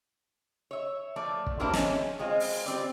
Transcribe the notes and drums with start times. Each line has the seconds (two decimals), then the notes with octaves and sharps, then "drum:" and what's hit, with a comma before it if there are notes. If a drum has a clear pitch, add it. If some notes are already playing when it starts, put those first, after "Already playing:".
0.71 C#5 E5
1.16 F3 A3 D5
1.46 drum: kick
1.60 F#3 G3 A#3 C4 D4 E4
1.73 G#3 C#4, drum: snare
2.19 G#3 C4 F4
2.40 drum: open hi-hat
2.66 G3 C4 D5